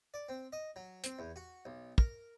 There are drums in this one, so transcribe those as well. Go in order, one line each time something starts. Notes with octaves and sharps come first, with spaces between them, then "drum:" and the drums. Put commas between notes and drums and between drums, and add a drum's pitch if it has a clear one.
D5
C4
D#5
F#3
C4, drum: hi-hat
E2
F#4
B1
A#4, drum: kick